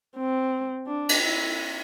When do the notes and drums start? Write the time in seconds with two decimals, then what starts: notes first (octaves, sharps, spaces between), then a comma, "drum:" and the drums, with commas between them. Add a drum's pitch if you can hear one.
0.17 C4
0.86 D4
1.09 drum: cymbal
1.22 E4